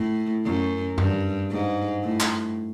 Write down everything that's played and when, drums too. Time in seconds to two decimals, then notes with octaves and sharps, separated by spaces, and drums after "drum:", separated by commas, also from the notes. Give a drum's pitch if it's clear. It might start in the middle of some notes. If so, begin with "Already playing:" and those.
Already playing: A2
0.45 F#2
0.98 G2, drum: tom F#2
1.50 G#2
2.03 A2
2.20 drum: clap